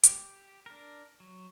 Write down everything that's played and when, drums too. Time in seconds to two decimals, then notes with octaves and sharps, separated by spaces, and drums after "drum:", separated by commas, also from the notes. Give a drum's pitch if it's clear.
0.03 G4, drum: hi-hat
0.66 D4 A#4
1.20 F#3